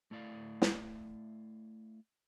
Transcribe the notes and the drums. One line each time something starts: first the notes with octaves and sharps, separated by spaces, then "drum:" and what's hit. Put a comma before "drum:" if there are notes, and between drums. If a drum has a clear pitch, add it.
A3 E4 D5 F5
drum: snare